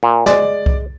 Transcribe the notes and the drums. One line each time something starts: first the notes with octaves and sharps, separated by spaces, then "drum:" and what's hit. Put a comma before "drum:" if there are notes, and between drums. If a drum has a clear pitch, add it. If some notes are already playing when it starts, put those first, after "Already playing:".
A#2
G#3 D5, drum: snare
drum: kick C2